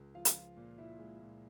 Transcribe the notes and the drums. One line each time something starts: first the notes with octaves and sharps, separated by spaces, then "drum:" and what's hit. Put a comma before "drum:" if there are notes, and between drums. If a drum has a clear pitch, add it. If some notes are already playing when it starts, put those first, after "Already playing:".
Already playing: C#2
F3 F4 F5
drum: hi-hat
F3
A#2
F3 E4 E5
G#3
A#2